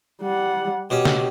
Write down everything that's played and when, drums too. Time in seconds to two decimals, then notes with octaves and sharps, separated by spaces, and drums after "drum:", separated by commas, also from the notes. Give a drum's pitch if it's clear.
0.21 G3 F#5
0.90 B2 C#4 G4
1.05 drum: snare